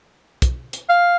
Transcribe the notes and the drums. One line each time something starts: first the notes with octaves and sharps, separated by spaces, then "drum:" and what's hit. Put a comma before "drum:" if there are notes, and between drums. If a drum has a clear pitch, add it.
drum: kick, hi-hat
drum: hi-hat
F5